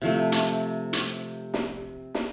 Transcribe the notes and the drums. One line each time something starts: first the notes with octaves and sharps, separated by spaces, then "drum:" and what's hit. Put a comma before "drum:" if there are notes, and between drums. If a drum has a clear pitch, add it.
C3 F3 A3
drum: hi-hat
drum: hi-hat
drum: snare
drum: snare